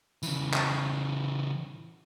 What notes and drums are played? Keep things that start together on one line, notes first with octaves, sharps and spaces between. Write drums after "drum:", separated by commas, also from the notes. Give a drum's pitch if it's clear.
C#3 E3, drum: tambourine
drum: clap